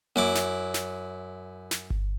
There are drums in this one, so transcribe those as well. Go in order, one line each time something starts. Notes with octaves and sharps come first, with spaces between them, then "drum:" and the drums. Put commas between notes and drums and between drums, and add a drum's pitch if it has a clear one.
F#2 E4 D6, drum: tom A#3
drum: snare
drum: snare
drum: snare
drum: kick G1